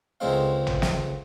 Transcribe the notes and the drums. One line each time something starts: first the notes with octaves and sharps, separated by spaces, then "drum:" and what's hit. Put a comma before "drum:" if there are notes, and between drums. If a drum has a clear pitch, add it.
C#2 D3 G#3 C4 F5
drum: tom
drum: snare